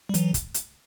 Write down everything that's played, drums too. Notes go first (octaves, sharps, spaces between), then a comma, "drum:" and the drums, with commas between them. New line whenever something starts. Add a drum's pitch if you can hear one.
G3
E3 F#3, drum: hi-hat
drum: kick, hi-hat
drum: hi-hat